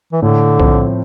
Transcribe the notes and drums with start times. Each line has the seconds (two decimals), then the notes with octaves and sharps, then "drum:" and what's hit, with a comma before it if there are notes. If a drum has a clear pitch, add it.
0.12 E3
0.22 A2 D3
0.60 F3 C4, drum: kick B1